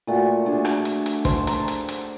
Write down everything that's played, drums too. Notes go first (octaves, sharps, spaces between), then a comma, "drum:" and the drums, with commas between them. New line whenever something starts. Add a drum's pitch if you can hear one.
A#2 A3 F#4
A3 D4 G#4
drum: rim click
drum: hi-hat
drum: hi-hat
C5 A5, drum: kick, hi-hat
A#5, drum: hi-hat
drum: hi-hat
drum: hi-hat